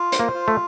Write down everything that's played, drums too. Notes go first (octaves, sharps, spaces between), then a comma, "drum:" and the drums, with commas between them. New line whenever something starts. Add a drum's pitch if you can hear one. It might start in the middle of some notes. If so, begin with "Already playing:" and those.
Already playing: F4
C5, drum: hi-hat
A#3
F4
A3